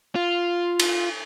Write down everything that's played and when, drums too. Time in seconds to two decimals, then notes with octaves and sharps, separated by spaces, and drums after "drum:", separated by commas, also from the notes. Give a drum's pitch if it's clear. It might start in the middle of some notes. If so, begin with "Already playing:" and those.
0.16 F4
0.79 drum: cymbal